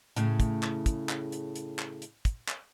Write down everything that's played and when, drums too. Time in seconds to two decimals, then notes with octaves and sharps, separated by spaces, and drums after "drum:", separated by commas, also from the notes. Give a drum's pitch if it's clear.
0.16 A2 C#3, drum: hi-hat
0.40 drum: kick, hi-hat
0.63 drum: clap
0.86 drum: kick, hi-hat
1.09 drum: clap
1.32 drum: hi-hat
1.56 drum: hi-hat
1.79 drum: clap
2.02 drum: hi-hat
2.25 drum: kick, hi-hat
2.48 drum: clap